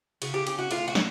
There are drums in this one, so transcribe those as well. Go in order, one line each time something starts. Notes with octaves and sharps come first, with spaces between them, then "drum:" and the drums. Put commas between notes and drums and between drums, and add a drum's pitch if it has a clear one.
C#3 F#4, drum: cymbal
G4
C#4 G4, drum: cymbal
F#4
A2 F4, drum: cymbal
F#4
A2, drum: snare